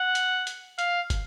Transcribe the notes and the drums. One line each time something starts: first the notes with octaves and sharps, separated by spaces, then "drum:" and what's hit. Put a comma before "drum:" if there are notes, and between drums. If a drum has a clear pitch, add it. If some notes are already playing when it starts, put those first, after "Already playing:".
Already playing: F#5
drum: hi-hat
drum: hi-hat
F5, drum: hi-hat
drum: kick, hi-hat